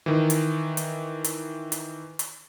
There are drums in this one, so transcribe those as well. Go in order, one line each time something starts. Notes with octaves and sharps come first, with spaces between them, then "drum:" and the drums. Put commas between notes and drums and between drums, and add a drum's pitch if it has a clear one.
D#3 E3
drum: hi-hat
drum: hi-hat
drum: hi-hat
drum: hi-hat
drum: hi-hat